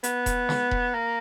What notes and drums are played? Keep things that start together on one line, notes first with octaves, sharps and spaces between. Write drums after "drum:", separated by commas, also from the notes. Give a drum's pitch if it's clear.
B3, drum: hi-hat
drum: kick E1, hi-hat
drum: snare
drum: kick E1
A#3